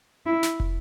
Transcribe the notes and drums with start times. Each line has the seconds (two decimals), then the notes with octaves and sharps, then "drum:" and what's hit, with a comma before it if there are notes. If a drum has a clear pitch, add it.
0.26 E4
0.43 drum: snare
0.60 drum: kick